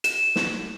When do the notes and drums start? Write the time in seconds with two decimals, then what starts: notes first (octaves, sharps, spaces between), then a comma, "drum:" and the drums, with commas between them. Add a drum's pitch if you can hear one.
0.04 E7, drum: hi-hat
0.36 drum: snare